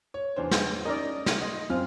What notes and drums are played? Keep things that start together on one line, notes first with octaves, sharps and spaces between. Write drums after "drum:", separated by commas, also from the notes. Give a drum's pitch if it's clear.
C#5
E2 D4 C5
drum: snare
C#4 D#4 A#4 D5 D#5
drum: snare
D#5 C6
F#2 C4 F4 F6